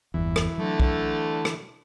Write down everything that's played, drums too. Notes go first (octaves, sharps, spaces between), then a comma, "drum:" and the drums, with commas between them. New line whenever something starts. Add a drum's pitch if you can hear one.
G1 E2 E3
drum: rim click
D3 F#3 A3
drum: kick B1
drum: rim click